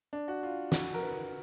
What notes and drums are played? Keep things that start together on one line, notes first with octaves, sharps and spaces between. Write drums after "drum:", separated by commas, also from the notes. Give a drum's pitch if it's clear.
D4
F#4
F4
F#4, drum: snare
A#4
B4